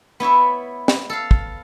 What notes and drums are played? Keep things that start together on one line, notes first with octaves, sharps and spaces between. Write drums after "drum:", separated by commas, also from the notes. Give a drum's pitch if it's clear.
B3 E4 C#5 E5
drum: snare
A4 F5
drum: kick